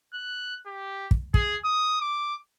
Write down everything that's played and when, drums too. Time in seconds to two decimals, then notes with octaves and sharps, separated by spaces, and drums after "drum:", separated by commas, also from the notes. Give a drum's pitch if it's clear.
0.13 F#6
0.66 G4
1.11 drum: kick
1.34 G#4, drum: kick
1.65 D#6
2.01 D6